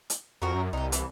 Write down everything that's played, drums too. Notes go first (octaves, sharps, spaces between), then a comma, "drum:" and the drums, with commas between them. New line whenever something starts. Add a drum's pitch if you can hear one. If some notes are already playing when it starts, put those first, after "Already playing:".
drum: hi-hat
F2 F#4 A#4
F#2
C2 D#4 G4
E3, drum: hi-hat